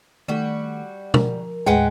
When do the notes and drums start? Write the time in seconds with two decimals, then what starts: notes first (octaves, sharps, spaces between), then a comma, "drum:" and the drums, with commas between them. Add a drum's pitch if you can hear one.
0.28 D#3 G3 A3 F#4
1.14 F3 A#4, drum: tom
1.66 D#2 A2 G#3 B4 F#5 G5